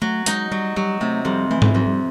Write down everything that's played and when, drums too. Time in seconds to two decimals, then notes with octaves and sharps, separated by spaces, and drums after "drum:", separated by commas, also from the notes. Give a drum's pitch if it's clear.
0.02 F#3 A3
0.26 G#3 D#4, drum: hi-hat
0.51 F#3 G3
0.76 F#3 G3
1.01 C3 A3
1.25 F2 G3
1.50 E3 A3
1.62 G#3, drum: tom G#2
1.75 F2 F#3
1.86 G3